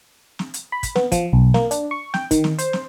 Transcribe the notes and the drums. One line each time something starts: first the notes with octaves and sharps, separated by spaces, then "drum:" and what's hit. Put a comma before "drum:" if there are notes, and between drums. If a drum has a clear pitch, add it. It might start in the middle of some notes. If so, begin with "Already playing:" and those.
drum: snare
drum: hi-hat
B5
drum: kick, hi-hat
B3, drum: snare
F3, drum: kick, hi-hat
B1
A#3, drum: snare
D4, drum: hi-hat
C#6
G5, drum: snare
D#3, drum: kick, hi-hat
drum: snare
C5, drum: hi-hat
drum: snare